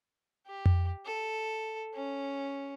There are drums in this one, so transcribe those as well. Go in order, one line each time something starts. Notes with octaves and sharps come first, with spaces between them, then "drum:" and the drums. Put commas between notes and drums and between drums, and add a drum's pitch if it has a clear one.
G4
drum: tom F2
A4
C#4